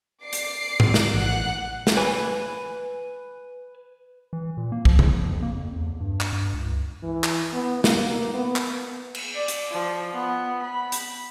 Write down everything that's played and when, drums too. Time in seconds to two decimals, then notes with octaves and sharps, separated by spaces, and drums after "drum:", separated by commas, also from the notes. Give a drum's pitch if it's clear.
0.23 D5 D6 C7
0.33 drum: hi-hat
0.80 drum: tom G#2
0.94 drum: snare
1.13 A1 F#5 F#6
1.87 drum: snare
1.97 B4 G#5
4.33 E3
4.57 A#2
4.72 A#3
4.85 F3, drum: kick
4.99 F3, drum: tom C#3
5.22 F2
5.42 A#3
5.55 F2
5.76 E2
6.00 G2
6.21 drum: clap
6.33 G2
6.54 C#2
7.03 E3
7.24 drum: clap
7.53 B3
7.84 A#3, drum: snare
8.34 B3
8.56 drum: clap
9.15 drum: cymbal
9.36 D5
9.48 drum: hi-hat
9.71 F3
10.15 B3
10.63 B5
10.92 drum: hi-hat